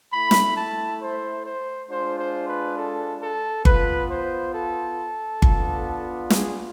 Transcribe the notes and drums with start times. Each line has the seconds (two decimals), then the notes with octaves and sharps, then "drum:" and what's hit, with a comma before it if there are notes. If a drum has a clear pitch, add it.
0.13 A3 E4 B5
0.31 drum: snare
0.57 A5
1.01 C5
1.45 C5
1.89 G#3 D4 F4 C5
2.19 C5
2.48 B4
2.78 A4
3.22 A4
3.65 B3 F4 B4, drum: kick G1
4.10 C5
4.54 A4
5.42 B3 D4 F4, drum: kick G1
6.30 G#4, drum: snare